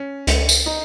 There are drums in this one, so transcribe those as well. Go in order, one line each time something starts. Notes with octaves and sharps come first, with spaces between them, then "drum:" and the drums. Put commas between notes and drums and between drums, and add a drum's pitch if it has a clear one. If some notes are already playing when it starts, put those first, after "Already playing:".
Already playing: C#4
C#2, drum: hi-hat
drum: tambourine
D#4